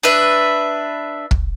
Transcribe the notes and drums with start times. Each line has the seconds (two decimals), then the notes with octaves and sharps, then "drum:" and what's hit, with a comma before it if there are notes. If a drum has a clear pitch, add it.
0.03 D4 B4 E5
1.31 drum: kick